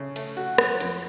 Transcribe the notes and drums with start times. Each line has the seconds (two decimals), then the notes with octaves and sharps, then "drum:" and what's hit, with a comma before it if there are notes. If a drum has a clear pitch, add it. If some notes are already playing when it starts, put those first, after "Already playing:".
Already playing: C#3 A3 C#4
0.16 A3, drum: cymbal
0.37 F#4
0.58 F#3, drum: rim click
0.80 F2, drum: cymbal